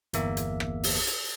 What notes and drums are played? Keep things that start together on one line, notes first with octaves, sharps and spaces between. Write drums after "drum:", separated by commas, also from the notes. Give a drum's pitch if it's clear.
G1 E2 A#3 E5, drum: hi-hat
drum: hi-hat
drum: rim click
drum: open hi-hat
drum: hi-hat